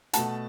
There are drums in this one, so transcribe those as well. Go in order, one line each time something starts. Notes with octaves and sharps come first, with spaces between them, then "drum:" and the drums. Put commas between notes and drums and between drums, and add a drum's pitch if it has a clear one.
B2 A3 F#5 A5, drum: hi-hat